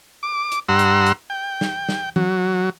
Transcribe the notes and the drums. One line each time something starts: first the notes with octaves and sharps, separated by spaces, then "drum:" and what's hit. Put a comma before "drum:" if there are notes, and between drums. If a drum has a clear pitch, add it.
D6
drum: hi-hat
G2 F#5 A#5 C6 E6
drum: hi-hat
drum: hi-hat
G5
drum: snare
drum: snare
F#3, drum: tom E3